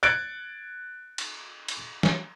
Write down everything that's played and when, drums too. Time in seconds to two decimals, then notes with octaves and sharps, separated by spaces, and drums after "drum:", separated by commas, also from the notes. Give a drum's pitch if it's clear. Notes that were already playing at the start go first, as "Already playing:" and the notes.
0.03 F#6 G#6 A6 C#7 D7
1.18 drum: cymbal
1.68 drum: cymbal
2.03 drum: snare